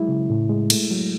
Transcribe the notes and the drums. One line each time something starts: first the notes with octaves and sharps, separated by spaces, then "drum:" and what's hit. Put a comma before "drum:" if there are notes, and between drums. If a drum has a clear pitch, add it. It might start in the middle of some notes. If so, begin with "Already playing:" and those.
Already playing: F#3 G#3 E4
C#3
A2
G#3
A3, drum: cymbal
F#3